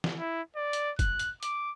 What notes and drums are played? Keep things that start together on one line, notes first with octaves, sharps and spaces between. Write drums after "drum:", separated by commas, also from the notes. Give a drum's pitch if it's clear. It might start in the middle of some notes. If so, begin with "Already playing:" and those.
drum: snare
E4
D5
drum: hi-hat
F#6, drum: kick, hi-hat
drum: hi-hat
D6, drum: hi-hat